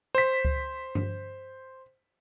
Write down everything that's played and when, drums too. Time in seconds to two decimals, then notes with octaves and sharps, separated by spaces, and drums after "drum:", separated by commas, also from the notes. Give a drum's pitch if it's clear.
0.15 C5 B6
0.45 drum: kick C#2
0.95 drum: tom G2